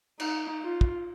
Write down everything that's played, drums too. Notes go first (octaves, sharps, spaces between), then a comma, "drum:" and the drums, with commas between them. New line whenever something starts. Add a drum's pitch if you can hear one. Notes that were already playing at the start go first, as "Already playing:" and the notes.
D#4, drum: cymbal
F4
drum: kick